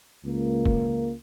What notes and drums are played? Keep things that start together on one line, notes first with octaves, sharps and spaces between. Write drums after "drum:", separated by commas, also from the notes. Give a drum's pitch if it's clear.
C#2 A#3
drum: kick